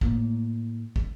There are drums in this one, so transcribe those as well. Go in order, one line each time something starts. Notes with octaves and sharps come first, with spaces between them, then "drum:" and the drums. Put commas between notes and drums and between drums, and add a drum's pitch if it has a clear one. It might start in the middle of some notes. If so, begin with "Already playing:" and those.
A2 A#3, drum: kick
drum: kick